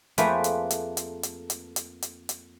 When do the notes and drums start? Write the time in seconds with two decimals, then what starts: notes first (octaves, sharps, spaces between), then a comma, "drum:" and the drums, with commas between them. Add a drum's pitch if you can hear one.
0.18 F2 A3 A#3 G#4 B4 C5, drum: hi-hat
0.44 drum: hi-hat
0.71 drum: hi-hat
0.97 drum: hi-hat
1.23 drum: hi-hat
1.50 drum: hi-hat
1.76 drum: hi-hat
2.02 drum: hi-hat
2.29 drum: hi-hat